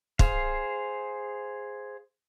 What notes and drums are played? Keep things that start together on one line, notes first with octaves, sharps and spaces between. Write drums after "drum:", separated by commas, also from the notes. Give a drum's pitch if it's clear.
G#4 C5 F5, drum: kick